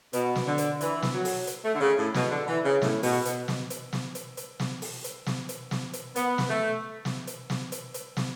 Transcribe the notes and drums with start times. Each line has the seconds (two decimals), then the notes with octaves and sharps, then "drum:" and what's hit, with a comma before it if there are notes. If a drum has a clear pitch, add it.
0.13 B2, drum: hi-hat
0.36 drum: snare
0.47 D3
0.58 drum: hi-hat
0.81 E3, drum: hi-hat
1.02 drum: snare
1.14 F#3
1.25 drum: open hi-hat
1.47 drum: hi-hat
1.63 A3
1.74 D3
1.81 C#3
1.97 A2
2.14 B2, drum: snare
2.30 D3
2.48 E3
2.64 C#3
2.82 A2, drum: snare
3.03 B2, drum: open hi-hat
3.25 B2, drum: hi-hat
3.48 drum: snare
3.70 drum: hi-hat
3.93 drum: snare
4.15 drum: hi-hat
4.37 drum: hi-hat
4.60 drum: snare
4.82 drum: open hi-hat
5.04 drum: hi-hat
5.26 drum: snare
5.49 drum: hi-hat
5.71 drum: snare
5.93 drum: hi-hat
6.16 B3, drum: hi-hat
6.38 drum: snare
6.49 A3
7.05 drum: snare
7.27 drum: hi-hat
7.50 drum: snare
7.72 drum: hi-hat
7.94 drum: hi-hat
8.17 drum: snare